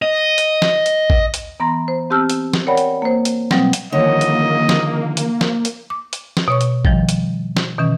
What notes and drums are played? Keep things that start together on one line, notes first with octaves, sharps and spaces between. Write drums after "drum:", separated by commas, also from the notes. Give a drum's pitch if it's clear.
D#5
drum: hi-hat
drum: snare
drum: hi-hat
drum: kick A1
drum: hi-hat
E3 B3 A#5 C6 A#6
C5
C4 G4 A5 E6 F6 G6
drum: hi-hat
drum: snare
A#4 C#5 D5 F#5 G5 B5
drum: hi-hat
A#3 C5
drum: hi-hat
B2 F#3 G3 C4, drum: snare
drum: hi-hat
D3 D#3 F3 A#3 C#5 D#5 F#5 G5
drum: hi-hat
drum: snare
drum: hi-hat
drum: snare
drum: hi-hat
D6
drum: hi-hat
drum: snare
B2 C#5 C#6
drum: hi-hat
D#3 F3 G3, drum: kick A1
drum: hi-hat
drum: snare
B2 D#3 E3 C#4